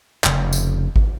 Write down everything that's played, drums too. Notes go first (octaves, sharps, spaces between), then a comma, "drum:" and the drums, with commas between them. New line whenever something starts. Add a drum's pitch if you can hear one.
F1 C#3, drum: clap
drum: tambourine
drum: kick G#1